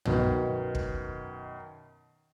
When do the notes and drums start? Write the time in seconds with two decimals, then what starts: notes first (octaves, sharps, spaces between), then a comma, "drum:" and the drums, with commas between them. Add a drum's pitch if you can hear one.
0.05 F#2 B2 D#3, drum: tom
0.75 drum: kick